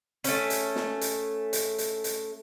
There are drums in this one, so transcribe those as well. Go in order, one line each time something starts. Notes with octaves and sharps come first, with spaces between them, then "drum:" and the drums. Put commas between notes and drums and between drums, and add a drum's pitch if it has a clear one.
A3 C#4, drum: hi-hat
drum: hi-hat
drum: snare
drum: hi-hat
drum: hi-hat
drum: hi-hat
drum: hi-hat